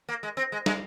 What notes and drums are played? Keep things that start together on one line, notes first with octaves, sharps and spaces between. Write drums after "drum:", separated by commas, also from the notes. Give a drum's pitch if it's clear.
A#3
G#3
C4
G#3
G#3, drum: snare